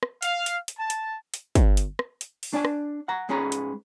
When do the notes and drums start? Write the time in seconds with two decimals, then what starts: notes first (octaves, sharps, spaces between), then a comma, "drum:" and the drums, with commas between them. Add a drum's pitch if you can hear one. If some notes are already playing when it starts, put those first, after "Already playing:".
0.03 drum: rim click
0.22 F5, drum: hi-hat
0.46 drum: hi-hat
0.68 drum: hi-hat
0.79 A5
0.90 drum: hi-hat
1.34 drum: hi-hat
1.55 drum: kick, hi-hat
1.77 drum: hi-hat
1.99 drum: rim click
2.21 drum: hi-hat
2.43 drum: open hi-hat
2.53 D4 D5 G#5 A5
2.65 drum: rim click
3.08 F#5 A#5
3.29 G#2 G#3 C#4 G#4 B4 A#5
3.52 drum: hi-hat